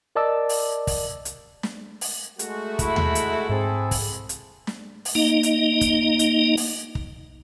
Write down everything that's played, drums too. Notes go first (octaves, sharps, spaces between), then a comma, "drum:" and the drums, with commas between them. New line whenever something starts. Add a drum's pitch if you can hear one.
A#4 D5 D#5 A5 D6 E6
drum: open hi-hat
drum: kick, open hi-hat
drum: hi-hat
drum: snare
drum: open hi-hat
G#3 A3 F#4, drum: hi-hat
E4 B5, drum: kick, hi-hat
drum: tom D#2
drum: hi-hat
G#2 C4 G#4 A4
drum: kick, open hi-hat
drum: hi-hat
drum: snare
drum: open hi-hat
A#3 D#4 D#5
drum: hi-hat
drum: kick, hi-hat
drum: hi-hat
drum: open hi-hat
drum: kick